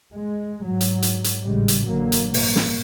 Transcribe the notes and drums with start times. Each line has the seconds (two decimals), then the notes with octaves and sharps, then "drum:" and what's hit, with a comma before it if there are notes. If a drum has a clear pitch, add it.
0.14 G#3
0.65 G#2 F#3
0.81 drum: hi-hat
1.02 drum: hi-hat
1.24 drum: hi-hat
1.42 G#1 A2 C#3 G3 G#3
1.68 drum: hi-hat
1.86 A1 D3 F#3 A#3
2.12 drum: hi-hat
2.34 G2 B2 A#3, drum: open hi-hat
2.56 drum: snare